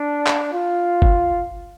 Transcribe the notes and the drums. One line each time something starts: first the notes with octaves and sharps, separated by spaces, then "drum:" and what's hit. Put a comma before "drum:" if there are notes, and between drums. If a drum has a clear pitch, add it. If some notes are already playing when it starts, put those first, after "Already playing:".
Already playing: D4
drum: clap
F4
drum: kick G1